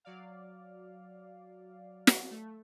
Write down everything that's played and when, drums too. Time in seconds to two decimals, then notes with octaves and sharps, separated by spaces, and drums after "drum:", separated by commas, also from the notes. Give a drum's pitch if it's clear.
0.05 F#3 D5 F5
2.07 drum: snare
2.31 A3